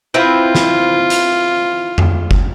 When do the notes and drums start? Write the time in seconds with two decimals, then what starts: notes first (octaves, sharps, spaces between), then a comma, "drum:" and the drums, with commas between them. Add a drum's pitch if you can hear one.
0.14 C4 E4 F4 B4
0.55 drum: snare
1.10 drum: hi-hat
1.98 drum: tom F2
2.31 drum: kick F#1